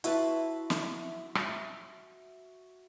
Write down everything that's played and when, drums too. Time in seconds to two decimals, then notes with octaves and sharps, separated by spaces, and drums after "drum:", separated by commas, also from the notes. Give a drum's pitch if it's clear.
0.04 E4 F#4 B4 E5 A5 C6, drum: hi-hat
0.70 drum: snare
1.35 drum: rim click